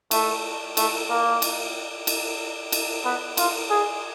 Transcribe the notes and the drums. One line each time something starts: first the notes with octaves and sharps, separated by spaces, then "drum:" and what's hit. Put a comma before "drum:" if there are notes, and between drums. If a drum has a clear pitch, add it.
A3, drum: cymbal
A3, drum: cymbal
A#3
drum: cymbal
drum: cymbal
drum: cymbal
B3
F4, drum: cymbal
G#4